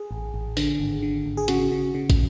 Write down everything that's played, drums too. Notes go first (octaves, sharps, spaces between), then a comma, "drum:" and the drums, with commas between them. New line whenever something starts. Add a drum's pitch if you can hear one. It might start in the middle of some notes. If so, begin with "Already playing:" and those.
Already playing: G#4
A1
A1
D3, drum: open hi-hat
G#1
D3
G#1
G#4
C#3 F#4, drum: hi-hat
C#3
C#3
drum: kick, hi-hat